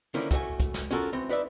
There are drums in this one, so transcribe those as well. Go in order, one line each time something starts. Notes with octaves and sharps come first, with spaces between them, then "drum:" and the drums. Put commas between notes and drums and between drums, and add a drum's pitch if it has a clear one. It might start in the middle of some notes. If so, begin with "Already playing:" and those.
D3 D#3 F3 A#3 C#4 E4
A3 F#4 C#5 G#5, drum: kick, hi-hat
drum: kick, hi-hat
drum: snare
C#4 F4 F#4 A4 A#4, drum: hi-hat
E3 C4
D#4 B4 D5 E5